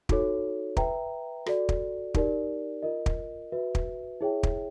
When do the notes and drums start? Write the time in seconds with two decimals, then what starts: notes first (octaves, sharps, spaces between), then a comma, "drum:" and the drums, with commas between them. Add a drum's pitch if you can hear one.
0.09 D#4 F#4 A4 C#5, drum: kick
0.77 B4 E5 G5 A#5, drum: kick
1.46 F#4 A4 D5, drum: rim click
1.69 drum: kick
2.14 D#4 G4 A#4 D5, drum: kick
2.83 F4 A#4 D#5
3.06 drum: kick
3.52 F#4 B4 E5
3.75 drum: kick
4.21 E4 G#4 C#5 E5 G5
4.43 drum: kick